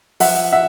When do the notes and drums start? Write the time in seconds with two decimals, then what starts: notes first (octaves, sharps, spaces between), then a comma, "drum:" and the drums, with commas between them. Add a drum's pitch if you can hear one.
0.20 F3 E5 F#5, drum: open hi-hat
0.52 E5 F#5